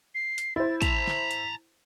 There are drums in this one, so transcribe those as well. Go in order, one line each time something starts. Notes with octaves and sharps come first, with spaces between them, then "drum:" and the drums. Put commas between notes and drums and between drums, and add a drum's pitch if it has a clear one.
C7
drum: hi-hat
E4 C5 A6
A5 A#5 B6, drum: kick, hi-hat
drum: snare
drum: hi-hat